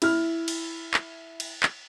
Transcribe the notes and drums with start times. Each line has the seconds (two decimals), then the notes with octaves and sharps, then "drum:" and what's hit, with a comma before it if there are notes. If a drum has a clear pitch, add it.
0.02 E4 F6, drum: cymbal
0.48 drum: cymbal
0.94 drum: clap
1.40 drum: cymbal
1.63 drum: clap